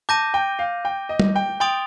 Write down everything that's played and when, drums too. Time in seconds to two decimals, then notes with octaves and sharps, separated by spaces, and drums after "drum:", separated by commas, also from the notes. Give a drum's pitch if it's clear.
0.09 A5 D6 G6 A#6 D#7
0.34 G5
0.59 F5
0.85 G5
1.09 D#5
1.20 drum: tom
1.36 G5
1.60 G5 C6 D#6 A6 D7 F7